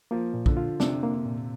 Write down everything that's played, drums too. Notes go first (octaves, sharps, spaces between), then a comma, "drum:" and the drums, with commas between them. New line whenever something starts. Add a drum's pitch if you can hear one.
F3 A#3
A#2
D3, drum: kick A#1
F4
C3 D4, drum: snare
A#3
A#2